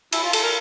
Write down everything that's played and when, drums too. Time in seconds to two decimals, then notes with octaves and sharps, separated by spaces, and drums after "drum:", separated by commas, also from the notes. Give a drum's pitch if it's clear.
0.12 E4, drum: cymbal
0.23 F4
0.33 A4, drum: cymbal
0.43 A#4